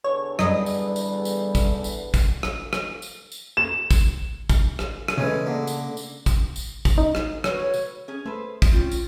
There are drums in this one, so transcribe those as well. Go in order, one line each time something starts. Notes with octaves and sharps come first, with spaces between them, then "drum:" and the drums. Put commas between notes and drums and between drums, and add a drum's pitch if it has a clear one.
E2 D3 C#5
F#2 G3 D#5, drum: rim click
drum: tambourine
drum: tambourine
drum: tambourine
drum: kick, tambourine
drum: tambourine
drum: kick, tambourine
drum: rim click
drum: rim click
drum: tambourine
drum: tambourine
E7
drum: kick, tambourine
drum: kick, tambourine
drum: rim click
drum: rim click
C#3 E3 G#3 A3 C#4
A#2 D3
drum: tambourine
drum: tambourine
drum: kick, tambourine
drum: tambourine
drum: kick, tambourine
D#4
drum: rim click
F#4 B4 C#5, drum: rim click
drum: tambourine
C#4 G#4
A3 B4 C5
drum: kick, tambourine
C4 C#4 F4
drum: tambourine